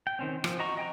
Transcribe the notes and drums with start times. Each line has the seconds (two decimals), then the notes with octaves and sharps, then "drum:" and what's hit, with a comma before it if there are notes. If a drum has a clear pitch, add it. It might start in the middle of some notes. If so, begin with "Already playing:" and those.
0.07 G5
0.19 D#3 C4 C#4
0.44 F3, drum: rim click
0.59 F#4 D#5 A#5 C#6
0.77 D#5 G5 G#5 A#5